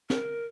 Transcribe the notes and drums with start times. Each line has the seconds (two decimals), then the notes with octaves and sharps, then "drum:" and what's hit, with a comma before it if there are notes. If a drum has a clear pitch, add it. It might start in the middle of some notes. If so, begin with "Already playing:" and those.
0.10 A#4, drum: snare